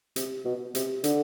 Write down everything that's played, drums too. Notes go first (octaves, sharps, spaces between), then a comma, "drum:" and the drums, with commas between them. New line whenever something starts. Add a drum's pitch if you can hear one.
C3, drum: hi-hat
B2
C3, drum: hi-hat
D3, drum: hi-hat